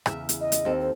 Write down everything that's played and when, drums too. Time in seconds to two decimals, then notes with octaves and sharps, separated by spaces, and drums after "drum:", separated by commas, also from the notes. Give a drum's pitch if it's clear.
0.06 E2 C#3 E5, drum: rim click
0.29 drum: hi-hat
0.41 D#5
0.52 drum: hi-hat
0.65 D#2 C4 A4
0.80 C5